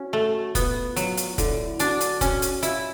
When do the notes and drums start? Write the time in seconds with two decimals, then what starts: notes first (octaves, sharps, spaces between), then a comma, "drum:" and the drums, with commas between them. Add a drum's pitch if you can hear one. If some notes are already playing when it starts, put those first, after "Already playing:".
Already playing: C#4 F#4
0.13 A3
0.55 B3 F4, drum: kick, hi-hat
0.96 F#3, drum: hi-hat
1.17 drum: hi-hat
1.38 D3 E4, drum: kick, hi-hat
1.79 D4 F#4, drum: hi-hat
2.00 drum: hi-hat
2.21 C#4 F#4, drum: kick, hi-hat
2.42 drum: hi-hat
2.63 E4 F4, drum: hi-hat